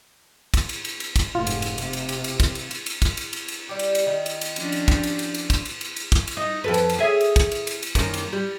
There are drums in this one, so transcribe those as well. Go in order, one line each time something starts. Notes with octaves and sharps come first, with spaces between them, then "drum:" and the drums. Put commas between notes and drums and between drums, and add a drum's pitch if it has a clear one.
drum: kick, cymbal
drum: cymbal
drum: cymbal
drum: cymbal
drum: kick, cymbal
F1 G#2 F4
drum: cymbal
drum: cymbal
C3, drum: cymbal
drum: cymbal
drum: cymbal
drum: cymbal
drum: kick, cymbal
drum: cymbal
drum: cymbal
drum: cymbal
drum: kick, cymbal
drum: cymbal
drum: cymbal
drum: cymbal
G3 G4
drum: cymbal
drum: cymbal
D#3
drum: cymbal
drum: cymbal
F3 C#4 D4, drum: cymbal
drum: cymbal
G4, drum: kick, cymbal
drum: cymbal
drum: cymbal
drum: cymbal
drum: kick, cymbal
drum: cymbal
drum: cymbal
drum: cymbal
drum: kick, cymbal
drum: cymbal
D#4
F2 A4 B4
drum: cymbal
drum: cymbal
G#4 C#5 E5
drum: cymbal
drum: kick, cymbal
drum: cymbal
drum: cymbal
drum: cymbal
F#2 D#3 A#3, drum: kick, cymbal
drum: cymbal
G3